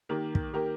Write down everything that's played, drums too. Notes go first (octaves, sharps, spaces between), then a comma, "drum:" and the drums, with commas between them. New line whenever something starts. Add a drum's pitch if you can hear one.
D#3 A#3 G4 A#4
drum: kick
D#3 A#3 G4 A#4